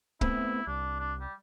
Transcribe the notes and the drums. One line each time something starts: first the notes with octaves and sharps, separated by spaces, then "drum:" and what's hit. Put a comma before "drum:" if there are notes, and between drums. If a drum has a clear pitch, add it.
A3 B3 C4 E4, drum: kick
C2 D4
D4
G3